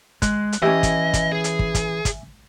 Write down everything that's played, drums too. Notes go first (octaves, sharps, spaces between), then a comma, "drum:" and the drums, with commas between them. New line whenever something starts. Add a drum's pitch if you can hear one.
G#3 F#6, drum: kick, hi-hat
drum: hi-hat
E3 C#4 D4 G4 D#5 E5 G#5
drum: kick, hi-hat
drum: kick, hi-hat
G#4
drum: hi-hat
drum: kick
drum: kick, hi-hat
drum: kick, hi-hat